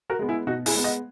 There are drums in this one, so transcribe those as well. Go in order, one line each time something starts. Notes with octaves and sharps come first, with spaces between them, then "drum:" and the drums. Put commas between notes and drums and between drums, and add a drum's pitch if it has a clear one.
F#4 A#4
G#3 B3
E4 G#4
B2 D#4 F#4
E4 G#4, drum: open hi-hat
G#3 B3
D#5 F#5